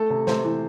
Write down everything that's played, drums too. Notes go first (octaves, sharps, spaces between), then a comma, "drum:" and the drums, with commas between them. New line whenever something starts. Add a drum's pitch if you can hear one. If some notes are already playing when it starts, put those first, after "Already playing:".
Already playing: A3 A4
C3
C3 C5, drum: snare
E3